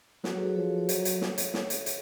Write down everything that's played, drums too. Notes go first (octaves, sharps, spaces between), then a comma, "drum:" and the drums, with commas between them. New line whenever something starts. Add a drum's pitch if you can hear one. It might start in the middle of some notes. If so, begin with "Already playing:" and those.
F#3 F#4 A4, drum: snare
G#4 B4
A4 C#5
F3 A4 C#5
A4 C#5
F#3 A4 C#5, drum: hi-hat
drum: hi-hat
drum: snare
drum: hi-hat
drum: snare
drum: hi-hat
drum: hi-hat